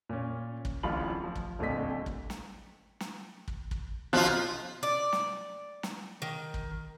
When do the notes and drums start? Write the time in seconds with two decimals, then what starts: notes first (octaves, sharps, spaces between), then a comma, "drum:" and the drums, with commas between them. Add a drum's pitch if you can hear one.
0.09 A#2 C#4
0.65 drum: kick
0.83 D1 A1 F4 F5 B5 F#7
1.24 F3
1.35 drum: kick
1.59 D#1 D2 A#2 C4 D#5 B6
2.06 drum: kick
2.30 drum: snare
3.00 drum: snare
3.48 drum: kick
3.71 drum: kick
4.13 B1 B2 F3 F4 F#6
4.83 D5
5.13 drum: snare
5.83 drum: snare
6.22 D#3
6.54 drum: kick